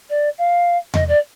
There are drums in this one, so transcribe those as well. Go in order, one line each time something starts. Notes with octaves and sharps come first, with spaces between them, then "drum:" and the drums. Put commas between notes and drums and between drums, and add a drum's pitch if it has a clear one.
D5
F5
D#5, drum: tom E2
D5